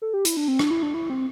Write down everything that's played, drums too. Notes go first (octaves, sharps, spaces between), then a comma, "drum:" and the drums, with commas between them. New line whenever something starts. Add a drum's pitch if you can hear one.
A4
G4
E4, drum: hi-hat
D4
C4
D4, drum: rim click
E4
D4
E4
C4